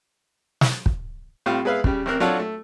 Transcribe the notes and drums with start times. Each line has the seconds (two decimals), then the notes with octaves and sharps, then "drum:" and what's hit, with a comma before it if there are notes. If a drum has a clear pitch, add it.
0.61 drum: snare
0.86 drum: kick
1.46 A2 G3 C4 F4
1.65 G#3 B3 B4 E5 F5
1.84 C#3 G3, drum: kick
2.06 A1 C4 A#4 F#6
2.20 F#3 D4 F4 F#4 A4 C#5
2.39 A3